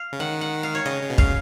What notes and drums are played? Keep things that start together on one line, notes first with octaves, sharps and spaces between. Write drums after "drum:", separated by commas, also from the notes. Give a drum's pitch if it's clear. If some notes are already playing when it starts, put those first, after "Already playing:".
Already playing: F5
C#3
D#3 F#5
F#5
F5
C#5
C#3 D#5
C#3
B2
C#3 F5, drum: kick